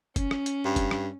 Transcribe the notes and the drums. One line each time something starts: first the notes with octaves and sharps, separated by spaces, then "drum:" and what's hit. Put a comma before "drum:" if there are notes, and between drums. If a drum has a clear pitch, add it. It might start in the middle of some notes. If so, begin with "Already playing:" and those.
C#4, drum: kick, hi-hat
drum: rim click
drum: hi-hat
G2
drum: kick, hi-hat
drum: rim click